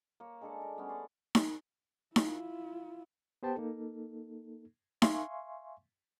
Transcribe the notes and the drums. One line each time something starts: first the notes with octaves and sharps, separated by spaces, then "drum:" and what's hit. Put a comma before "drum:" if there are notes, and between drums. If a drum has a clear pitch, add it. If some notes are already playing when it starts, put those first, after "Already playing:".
A#3 C#5
G#3 D4 A4
A#4
G3 A3 B3 C#4
C#5 D5 C6
drum: snare D#4
E4 F4, drum: snare D#4
B3 G4 C5 G5 A5
A#3 D#4 A4
E5 F5 G#5 C6 C#6, drum: snare D#4